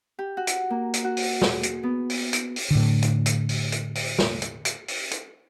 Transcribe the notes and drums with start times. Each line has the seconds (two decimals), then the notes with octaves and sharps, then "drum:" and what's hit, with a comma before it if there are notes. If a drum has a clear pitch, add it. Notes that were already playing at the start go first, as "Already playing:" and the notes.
0.19 G4
0.37 F#4
0.47 drum: hi-hat
0.70 A#3
0.94 drum: hi-hat
1.04 F#4
1.17 drum: open hi-hat
1.41 G#4, drum: snare
1.63 drum: hi-hat
1.83 B3
2.10 drum: open hi-hat
2.33 drum: hi-hat
2.56 drum: open hi-hat
2.71 A2 D3
3.02 drum: hi-hat
3.26 drum: hi-hat
3.49 drum: open hi-hat
3.72 drum: hi-hat
3.95 drum: open hi-hat
4.19 drum: snare
4.42 drum: hi-hat
4.65 drum: hi-hat
4.88 drum: open hi-hat
5.11 drum: hi-hat